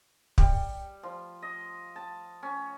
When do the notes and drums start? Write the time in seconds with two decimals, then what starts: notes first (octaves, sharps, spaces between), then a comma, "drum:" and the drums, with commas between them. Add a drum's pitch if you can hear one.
0.38 G3, drum: kick
1.03 F3
1.42 D#5
1.96 A5
2.43 C#4